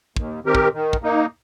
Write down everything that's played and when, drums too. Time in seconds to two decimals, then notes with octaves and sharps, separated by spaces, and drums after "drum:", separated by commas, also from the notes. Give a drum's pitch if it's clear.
0.16 D#2, drum: kick
0.45 D#3 C4 G4 A#4
0.55 drum: kick
0.73 D#3
0.93 drum: kick
1.03 A#3 D#4